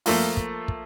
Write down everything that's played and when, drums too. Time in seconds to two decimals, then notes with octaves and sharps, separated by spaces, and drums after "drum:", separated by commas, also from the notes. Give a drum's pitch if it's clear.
0.06 F3 A3 A#3 F4, drum: open hi-hat
0.37 drum: kick
0.68 drum: kick